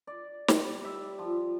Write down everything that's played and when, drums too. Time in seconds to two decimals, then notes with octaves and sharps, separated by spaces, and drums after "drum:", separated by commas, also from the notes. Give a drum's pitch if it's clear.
0.07 D5
0.48 G3, drum: snare
0.85 E5
1.19 F3